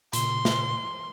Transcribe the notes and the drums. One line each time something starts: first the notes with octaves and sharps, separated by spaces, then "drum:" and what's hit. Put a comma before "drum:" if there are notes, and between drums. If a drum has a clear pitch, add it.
A#2 C#3 C6, drum: hi-hat
drum: snare